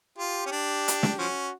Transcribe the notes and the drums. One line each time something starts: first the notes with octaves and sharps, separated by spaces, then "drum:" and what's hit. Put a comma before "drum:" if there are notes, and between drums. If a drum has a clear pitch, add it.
F4 G4
C#4
D4
drum: hi-hat
drum: snare
F3 C#4 F#4